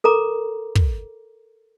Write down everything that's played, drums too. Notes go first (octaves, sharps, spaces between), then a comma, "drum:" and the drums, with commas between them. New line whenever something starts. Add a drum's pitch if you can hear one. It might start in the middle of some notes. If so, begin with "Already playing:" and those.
A4 A#4 A#5 D6
drum: kick